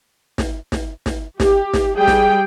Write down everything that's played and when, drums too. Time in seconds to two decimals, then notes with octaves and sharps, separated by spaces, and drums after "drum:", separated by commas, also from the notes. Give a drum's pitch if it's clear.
0.38 drum: snare
0.72 drum: snare
1.06 drum: snare
1.40 G4, drum: snare
1.74 drum: snare
1.96 G3 G#4 G5
2.07 drum: snare